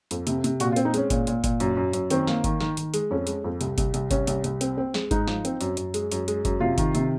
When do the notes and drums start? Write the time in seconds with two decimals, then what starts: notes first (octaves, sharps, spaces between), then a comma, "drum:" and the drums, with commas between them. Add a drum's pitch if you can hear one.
0.11 F2, drum: hi-hat
0.27 C3, drum: hi-hat
0.44 C3, drum: hi-hat
0.60 A#2 F#4, drum: hi-hat
0.72 F4
0.76 C4, drum: hi-hat
0.85 D#4
0.94 G#3 C#4, drum: hi-hat
1.10 A#2, drum: kick G1, hi-hat
1.27 A#2, drum: hi-hat
1.44 A#2, drum: kick G1, hi-hat
1.60 F#2, drum: hi-hat
1.77 F#2
1.93 F#2, drum: hi-hat
2.10 D#3 C4, drum: hi-hat
2.27 A#3, drum: snare
2.44 D#3, drum: kick G1, hi-hat
2.60 D#3, drum: snare
2.77 D#3, drum: hi-hat
2.94 G#3, drum: hi-hat
3.11 F2 C#4
3.27 G#3, drum: hi-hat
3.44 F2
3.61 C2, drum: hi-hat
3.78 C2, drum: kick G1, hi-hat
3.94 C2, drum: hi-hat
4.11 C2 C#4, drum: kick G1, hi-hat
4.27 C2, drum: hi-hat
4.44 C2, drum: hi-hat
4.61 C4, drum: hi-hat
4.78 C4
4.94 G#3, drum: snare
5.11 G#2 D#4, drum: kick G1, hi-hat
5.28 F3, drum: snare
5.45 C4, drum: hi-hat
5.61 F#2, drum: hi-hat
5.77 F#2, drum: hi-hat
5.94 G#3, drum: hi-hat
6.12 F#2, drum: hi-hat
6.28 G#3, drum: hi-hat
6.45 F#2, drum: kick G1, hi-hat
6.60 C3 F4
6.78 D#3, drum: kick G1, hi-hat
6.95 C3, drum: hi-hat